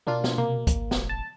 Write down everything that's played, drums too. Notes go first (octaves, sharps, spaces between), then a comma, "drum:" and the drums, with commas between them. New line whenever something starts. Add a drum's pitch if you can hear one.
B2 A#3 D4 F4
drum: snare
C3 A#3
G#1, drum: kick, hi-hat
D#1, drum: snare
A5